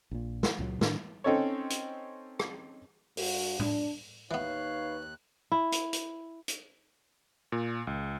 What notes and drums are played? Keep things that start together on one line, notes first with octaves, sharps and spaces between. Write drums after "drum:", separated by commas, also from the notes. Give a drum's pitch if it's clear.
A#1 A#2
drum: snare
C#2 A#2 C#3 F#3
A2 D#3 C#4 D4, drum: snare
C4 C#4 D#4 A4 C#5
drum: hi-hat
drum: rim click
G2 F#4, drum: open hi-hat
D4, drum: tom A2
D#2 E3 B3 D#4 B4 C#5 F5 F#6
E4
drum: hi-hat
drum: hi-hat
drum: hi-hat
A#2
C#2